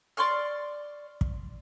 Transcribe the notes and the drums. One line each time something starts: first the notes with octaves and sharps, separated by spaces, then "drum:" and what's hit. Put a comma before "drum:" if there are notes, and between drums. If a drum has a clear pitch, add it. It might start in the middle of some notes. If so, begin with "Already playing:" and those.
D5 C6 C#6 F6
drum: kick